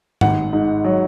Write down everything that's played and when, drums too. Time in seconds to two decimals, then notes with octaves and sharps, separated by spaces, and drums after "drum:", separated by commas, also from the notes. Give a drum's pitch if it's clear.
0.21 G#1 F#5, drum: tom G#2
0.53 G#2
0.85 F#3